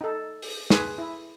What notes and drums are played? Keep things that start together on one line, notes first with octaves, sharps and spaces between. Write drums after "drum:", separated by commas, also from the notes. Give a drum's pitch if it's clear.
D#4 A4
drum: open hi-hat
G#4 B4 C6, drum: snare
E4